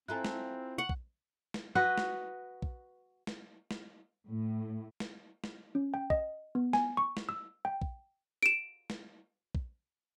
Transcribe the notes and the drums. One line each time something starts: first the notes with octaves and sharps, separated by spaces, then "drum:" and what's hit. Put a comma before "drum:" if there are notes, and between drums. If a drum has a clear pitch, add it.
C4 E4 F4 A4 G#5 A#5 F#6
drum: snare
F#5 C#6
drum: kick
drum: snare
F#4 B4 D#5 F#5
drum: snare
drum: kick
drum: snare
drum: snare
A2
drum: snare
drum: snare
C#4
G5
D#5, drum: kick
B3
G#5, drum: snare
C#6
drum: snare
E6
G5
drum: kick
D7 E7
drum: snare
drum: kick